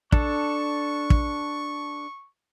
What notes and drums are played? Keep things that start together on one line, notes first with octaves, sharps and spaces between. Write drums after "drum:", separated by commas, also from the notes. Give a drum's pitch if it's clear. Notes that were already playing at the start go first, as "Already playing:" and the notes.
D4 A4 C#6, drum: kick
drum: kick